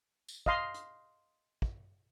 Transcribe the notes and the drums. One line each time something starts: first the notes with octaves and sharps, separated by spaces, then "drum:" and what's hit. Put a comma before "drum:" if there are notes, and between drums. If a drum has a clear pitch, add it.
drum: tambourine
D#5 F5 C6, drum: kick
drum: hi-hat
drum: kick